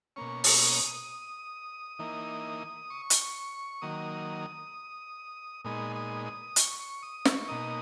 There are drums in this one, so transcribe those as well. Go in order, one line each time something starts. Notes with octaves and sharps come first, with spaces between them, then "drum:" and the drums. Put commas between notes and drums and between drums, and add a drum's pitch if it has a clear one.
B2 A#3 C#4 C#6
drum: open hi-hat
D#6
E3 A#3 D#4
C#6
drum: hi-hat
D#3 F#3 A#3 D#6
A#2 G#3 B3 D#4 D#6
D#6
D#6
C#6, drum: hi-hat
C#6
D#6
C#6, drum: snare
B2 A#3 D#4 D#6